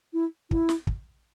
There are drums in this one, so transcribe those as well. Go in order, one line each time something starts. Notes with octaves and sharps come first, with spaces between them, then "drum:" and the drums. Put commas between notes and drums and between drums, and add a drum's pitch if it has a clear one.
E4
E4, drum: kick
drum: snare
drum: kick